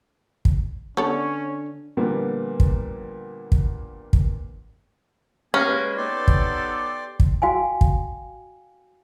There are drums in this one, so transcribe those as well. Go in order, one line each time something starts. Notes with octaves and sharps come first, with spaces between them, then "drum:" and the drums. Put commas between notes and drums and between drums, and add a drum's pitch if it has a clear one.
drum: kick
D3 B3 C#4 A4 C#5 D5
A#2 D3 F3 G3 A#3 B3
drum: kick
drum: kick
drum: kick
A#3 B3 C#4 G4 G#4 F6 A#6
G#3 A#3 B4
B3 D#4 G4 A4 D5 C6
drum: kick
drum: kick
F#4 F5 G5 G#5
drum: kick